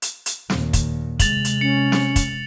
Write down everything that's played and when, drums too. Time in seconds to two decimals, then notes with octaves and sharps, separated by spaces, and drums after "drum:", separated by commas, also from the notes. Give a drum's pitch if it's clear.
0.02 drum: hi-hat
0.26 drum: hi-hat
0.50 D#2 A#2, drum: snare
0.73 drum: kick, hi-hat
1.20 C3 G#3 A6 F7 F#7, drum: kick, hi-hat
1.45 drum: hi-hat
1.61 C#4 C#7
1.92 drum: snare
2.16 drum: kick, hi-hat